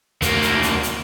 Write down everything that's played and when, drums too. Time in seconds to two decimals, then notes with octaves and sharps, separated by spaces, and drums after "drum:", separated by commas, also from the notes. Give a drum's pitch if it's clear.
0.22 D2 A#3, drum: kick, hi-hat
0.42 drum: hi-hat
0.63 drum: hi-hat
0.83 drum: hi-hat